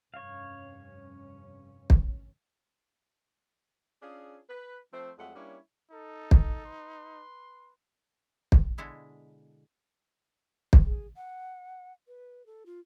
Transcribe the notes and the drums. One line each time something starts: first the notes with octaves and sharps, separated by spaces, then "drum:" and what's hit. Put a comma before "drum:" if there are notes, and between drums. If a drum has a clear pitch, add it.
F1 G2 C#4 C#5 F5
drum: kick
C#4 D4 F4 G#4
B4
F3 A3 C4 C5
F2 F#3 G#3 A3 F#5
G3 A#3 C#4 D4 E4 C#5
D#4 A4
drum: kick
B4 C6
drum: kick
B2 D3 G#3 E4 G#4
drum: kick
G#4
F#5
B4
A4
F4